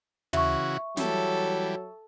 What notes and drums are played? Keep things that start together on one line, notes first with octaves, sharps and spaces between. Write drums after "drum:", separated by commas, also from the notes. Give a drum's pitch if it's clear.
C#3 E3 F#4 E5 C#6, drum: tom
E3 F#3 G3 A4, drum: snare